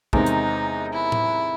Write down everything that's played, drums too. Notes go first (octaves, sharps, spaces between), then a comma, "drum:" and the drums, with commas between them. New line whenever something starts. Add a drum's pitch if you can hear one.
E2 C3 D#3 G#3 D#4, drum: kick
drum: hi-hat
E4
drum: tom A2